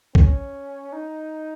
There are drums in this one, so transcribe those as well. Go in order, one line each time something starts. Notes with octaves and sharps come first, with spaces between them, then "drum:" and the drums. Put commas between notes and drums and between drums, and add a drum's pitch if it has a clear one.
C#4, drum: kick
D#4